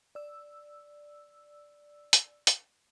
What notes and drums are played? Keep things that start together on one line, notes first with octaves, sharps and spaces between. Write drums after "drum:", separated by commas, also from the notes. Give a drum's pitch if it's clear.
D5 E6
drum: hi-hat
drum: hi-hat